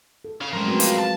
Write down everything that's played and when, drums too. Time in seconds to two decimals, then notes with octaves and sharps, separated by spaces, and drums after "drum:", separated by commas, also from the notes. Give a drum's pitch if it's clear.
0.25 A4
0.41 C#4 F5
0.53 F3 F#3 G#3 A3 C#4 A#4 C5 G5
0.66 C4 F#4 B4
0.80 F4 F#4 B4 F5, drum: hi-hat
0.99 A5